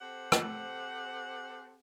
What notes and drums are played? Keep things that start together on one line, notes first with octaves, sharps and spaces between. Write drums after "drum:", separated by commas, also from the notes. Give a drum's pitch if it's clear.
C4 G4 A4 C5 F#5
drum: rim click